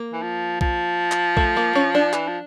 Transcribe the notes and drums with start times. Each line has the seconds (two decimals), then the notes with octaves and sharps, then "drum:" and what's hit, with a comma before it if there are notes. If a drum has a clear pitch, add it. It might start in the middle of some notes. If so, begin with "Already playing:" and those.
Already playing: A#3
0.13 E3
0.23 F3
0.61 F3, drum: kick
1.12 drum: clap
1.37 A3, drum: kick
1.57 A#3
1.75 C#4
1.95 D4
2.13 E3, drum: clap
2.28 F3